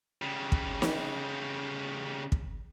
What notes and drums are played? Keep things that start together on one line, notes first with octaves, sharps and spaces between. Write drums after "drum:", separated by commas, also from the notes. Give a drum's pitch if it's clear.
C#3 G3
drum: kick
drum: snare
drum: kick